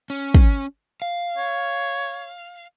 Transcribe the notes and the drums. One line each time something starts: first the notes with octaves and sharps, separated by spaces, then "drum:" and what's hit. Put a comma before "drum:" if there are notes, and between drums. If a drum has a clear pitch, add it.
C#4
drum: kick
F5
C#5